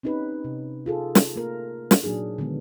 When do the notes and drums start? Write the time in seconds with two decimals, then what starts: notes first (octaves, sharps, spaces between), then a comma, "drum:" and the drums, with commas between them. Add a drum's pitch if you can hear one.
0.03 C4 C#4 D#4 G4 B4
0.44 C3
0.86 F4 G#4 A4
1.15 drum: snare
1.36 A3 A#3 F4 A#4
1.91 drum: snare
2.03 A#2 F#3 D4 D#4 G#4
2.38 D3 D#3 G#3 B3